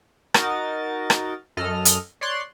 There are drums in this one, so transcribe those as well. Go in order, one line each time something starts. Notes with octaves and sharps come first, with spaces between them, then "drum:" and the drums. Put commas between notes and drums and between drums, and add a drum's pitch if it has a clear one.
D#4 F#4 A#4 D#5 A6, drum: rim click
drum: rim click
F#2 A4 D#5 F6
drum: hi-hat
C#5 D5 C6 F#6